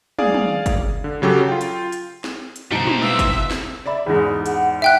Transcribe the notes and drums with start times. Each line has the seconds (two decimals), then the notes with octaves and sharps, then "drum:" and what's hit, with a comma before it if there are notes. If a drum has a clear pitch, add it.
0.19 G#4 D5 F5, drum: tom
0.34 drum: tom
0.66 drum: kick G1, hi-hat
1.04 D3
1.22 C#3 F#3 G4 A4
1.49 F4 G5
1.61 drum: hi-hat
1.92 drum: hi-hat
2.24 drum: snare
2.56 drum: hi-hat
2.71 B2 G3 D#4 C5 A5 A#5 C#7, drum: tom
2.87 drum: tom
3.02 F4 B4 E5
3.19 drum: kick G1, hi-hat
3.51 drum: snare
3.86 D5 E5 B5
4.06 E2 G#2 G#4
4.46 F#5, drum: hi-hat
4.82 E5 G5 F#6